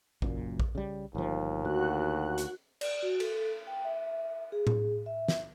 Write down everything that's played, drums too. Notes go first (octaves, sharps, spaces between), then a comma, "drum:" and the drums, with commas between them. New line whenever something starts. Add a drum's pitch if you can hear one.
F#1 F#2 A#2, drum: kick A#1
drum: kick A#1
C#3 G3
G1 D#2 F3
D2 F#4 F#6
drum: hi-hat
D5, drum: cymbal
F#4
A4, drum: cymbal
G5
E5
G#4
drum: tom A2
E5
drum: snare